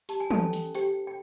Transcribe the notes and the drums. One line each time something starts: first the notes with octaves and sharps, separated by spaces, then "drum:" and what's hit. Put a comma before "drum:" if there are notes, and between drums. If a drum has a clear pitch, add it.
G4 A5, drum: hi-hat
G#5
A4 A5, drum: tom
C#4
drum: hi-hat
G4 C5 G5, drum: hi-hat
G5